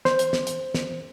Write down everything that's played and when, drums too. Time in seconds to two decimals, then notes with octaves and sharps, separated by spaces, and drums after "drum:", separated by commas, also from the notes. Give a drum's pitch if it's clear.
0.05 C5, drum: snare
0.19 drum: hi-hat
0.33 drum: snare
0.47 drum: hi-hat
0.74 drum: snare